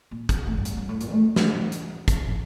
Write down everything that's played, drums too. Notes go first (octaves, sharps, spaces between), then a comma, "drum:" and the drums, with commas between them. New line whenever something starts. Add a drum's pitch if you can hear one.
A#2
drum: kick, hi-hat
A2
G2
F2, drum: hi-hat
G2
A2
A#2, drum: hi-hat
A3
drum: snare
drum: hi-hat
drum: kick, hi-hat